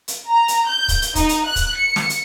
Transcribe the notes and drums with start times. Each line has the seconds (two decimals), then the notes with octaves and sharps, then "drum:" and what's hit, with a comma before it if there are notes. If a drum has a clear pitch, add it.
0.08 drum: hi-hat
0.27 A#5
0.48 drum: hi-hat
0.67 G6
0.88 drum: kick, hi-hat
1.02 drum: hi-hat
1.15 D#4, drum: kick, hi-hat
1.29 drum: hi-hat
1.46 F#6
1.56 drum: kick, hi-hat
1.76 C#7
1.96 drum: snare
2.10 drum: hi-hat